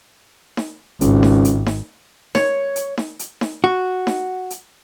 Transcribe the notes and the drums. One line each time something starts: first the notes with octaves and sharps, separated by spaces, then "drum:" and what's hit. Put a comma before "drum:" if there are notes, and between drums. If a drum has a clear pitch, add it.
drum: snare D#4
G#1 C#2, drum: hi-hat
drum: snare D#4
drum: hi-hat
drum: snare D#4
C#5, drum: snare D#4
drum: hi-hat
drum: snare D#4
drum: hi-hat
drum: snare D#4
F#4
drum: snare D#4
drum: hi-hat